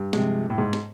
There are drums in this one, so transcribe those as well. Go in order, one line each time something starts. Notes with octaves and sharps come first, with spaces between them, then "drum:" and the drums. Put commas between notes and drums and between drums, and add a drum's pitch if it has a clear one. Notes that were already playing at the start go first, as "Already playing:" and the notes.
Already playing: G2
C3 F3 G#3, drum: snare
A2
G#2
drum: snare